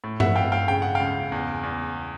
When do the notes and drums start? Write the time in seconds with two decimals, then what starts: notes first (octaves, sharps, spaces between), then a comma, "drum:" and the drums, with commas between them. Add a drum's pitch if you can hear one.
0.04 A2
0.20 E5 F#5, drum: tom G2
0.35 A2 F5 G5
0.52 F5 G5
0.68 C#3 G5
0.82 F#5
0.95 C#2 F5 G5
1.32 E2
1.63 E2